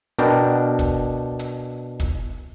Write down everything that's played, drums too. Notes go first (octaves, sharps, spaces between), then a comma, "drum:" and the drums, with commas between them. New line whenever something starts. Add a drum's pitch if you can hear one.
B2 D4 A#4 G5, drum: hi-hat
drum: kick, hi-hat
drum: hi-hat
drum: kick, hi-hat